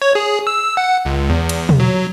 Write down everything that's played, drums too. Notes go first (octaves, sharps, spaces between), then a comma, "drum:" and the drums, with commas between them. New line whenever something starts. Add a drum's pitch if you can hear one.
C#5
G#4
E6
F#5
C#2
E2
drum: cymbal
drum: tom
F#3